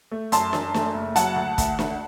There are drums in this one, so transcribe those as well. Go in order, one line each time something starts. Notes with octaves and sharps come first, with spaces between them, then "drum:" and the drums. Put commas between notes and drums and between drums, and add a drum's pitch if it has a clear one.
A3
F#2 A5 C6, drum: hi-hat
F#2, drum: snare
A3, drum: snare
F#1
F#3 F#5 A5, drum: hi-hat
D2
D2, drum: kick, hi-hat
D2, drum: snare